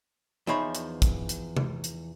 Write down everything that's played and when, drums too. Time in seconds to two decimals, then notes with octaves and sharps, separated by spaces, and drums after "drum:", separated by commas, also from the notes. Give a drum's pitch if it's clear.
0.47 E2 F3 D#4 C5 C#5 B5
0.75 drum: hi-hat
1.02 drum: kick, hi-hat
1.29 drum: hi-hat
1.57 drum: tom C3
1.84 drum: hi-hat